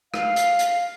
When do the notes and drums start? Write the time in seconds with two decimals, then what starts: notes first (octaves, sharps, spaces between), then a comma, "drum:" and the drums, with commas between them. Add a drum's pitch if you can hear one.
0.14 F5, drum: rim click
0.36 drum: hi-hat
0.59 drum: hi-hat